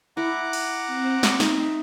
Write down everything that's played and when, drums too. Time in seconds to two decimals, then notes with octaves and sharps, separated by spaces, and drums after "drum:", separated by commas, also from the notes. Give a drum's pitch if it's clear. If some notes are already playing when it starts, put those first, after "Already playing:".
0.17 E4 F#5 A#5 D6
0.53 drum: cymbal
0.87 C4
1.23 drum: snare
1.40 D#4 E5, drum: snare